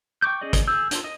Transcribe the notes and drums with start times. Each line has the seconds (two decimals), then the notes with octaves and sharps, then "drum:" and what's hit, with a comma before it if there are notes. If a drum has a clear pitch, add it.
0.22 G5 C#6 D6 G6
0.41 C#4 G#4 D5 D#5
0.53 drum: kick, hi-hat
0.68 G#4 E6 G6
0.91 D4 F4, drum: hi-hat
1.04 D#5